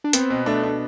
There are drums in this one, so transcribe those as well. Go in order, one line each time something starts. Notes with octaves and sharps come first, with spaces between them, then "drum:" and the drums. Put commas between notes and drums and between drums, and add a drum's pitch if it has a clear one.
D4
B3 C4, drum: hi-hat
B2
A3 D4
D4